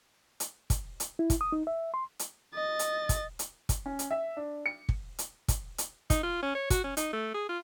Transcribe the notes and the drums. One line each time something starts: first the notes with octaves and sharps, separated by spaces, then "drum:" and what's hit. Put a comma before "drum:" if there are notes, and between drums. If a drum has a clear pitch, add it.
drum: hi-hat
drum: kick, hi-hat
drum: hi-hat
E4
drum: kick, hi-hat
D#6
D#4
E5
C6
drum: hi-hat
D#5 A6
drum: hi-hat
drum: kick, hi-hat
drum: hi-hat
drum: kick, hi-hat
C#4
drum: hi-hat
E5
D4
C#7
drum: kick
drum: hi-hat
drum: kick, hi-hat
drum: hi-hat
D#4, drum: kick, hi-hat
F4
C#4
C#5
F#4, drum: kick, hi-hat
C#4
D#4, drum: hi-hat
A3
G#4
F4